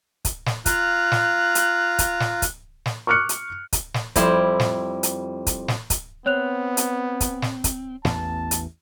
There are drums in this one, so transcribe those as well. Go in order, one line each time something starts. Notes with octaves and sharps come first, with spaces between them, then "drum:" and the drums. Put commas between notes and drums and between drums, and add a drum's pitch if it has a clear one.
drum: kick, hi-hat
drum: snare
F4 F5 A#5 F#6, drum: kick, hi-hat
drum: snare
drum: hi-hat
drum: kick, hi-hat
drum: snare
drum: kick, hi-hat
drum: snare
C#6 D6 F6 F#6 C#7
drum: hi-hat
drum: kick, hi-hat
drum: snare
F2 G3 E4 A5 C6, drum: kick, hi-hat
drum: snare
drum: hi-hat
drum: kick, hi-hat
drum: snare
drum: kick, hi-hat
B3 C4 C#5 F#6 F7
drum: hi-hat
drum: kick, hi-hat
drum: snare
drum: kick, hi-hat
A1 E2 B3 A5, drum: snare
drum: hi-hat